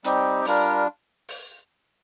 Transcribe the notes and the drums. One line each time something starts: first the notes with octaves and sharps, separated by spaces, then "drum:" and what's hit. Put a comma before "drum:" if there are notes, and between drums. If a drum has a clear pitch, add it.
G3 C4 D#4 G4, drum: hi-hat
G3 D4 F4 A#4, drum: open hi-hat
drum: open hi-hat